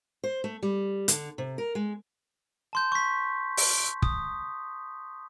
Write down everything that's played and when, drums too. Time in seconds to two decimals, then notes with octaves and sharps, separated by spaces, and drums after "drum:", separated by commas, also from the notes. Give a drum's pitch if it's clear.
0.24 C5
0.44 A3
0.63 G3
1.08 D3, drum: hi-hat
1.38 C3
1.58 A#4
1.75 G#3
2.73 A5 C6 G6
2.92 C#6 B6
3.57 drum: open hi-hat
4.02 D#6, drum: kick